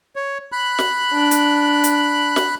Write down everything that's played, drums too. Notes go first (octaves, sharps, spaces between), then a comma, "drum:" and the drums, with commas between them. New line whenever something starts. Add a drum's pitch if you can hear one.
C#5
B5 F#6
drum: snare
D4
drum: hi-hat
drum: hi-hat
drum: snare